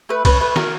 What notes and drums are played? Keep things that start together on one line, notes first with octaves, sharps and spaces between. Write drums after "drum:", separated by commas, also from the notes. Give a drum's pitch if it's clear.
A3 B4
C#4 B4, drum: kick, cymbal
A3 B4
F#4 A#4, drum: snare